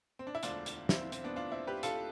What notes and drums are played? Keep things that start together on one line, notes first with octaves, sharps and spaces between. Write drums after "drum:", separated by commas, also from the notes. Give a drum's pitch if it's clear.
C4
D4
E4
E1 D2 D3 F3 D4 F4, drum: hi-hat
drum: hi-hat
C4 E4, drum: snare
C4
C4, drum: hi-hat
B3 D4
D4 F4
C4 E4
G4 B4
F4 A4, drum: hi-hat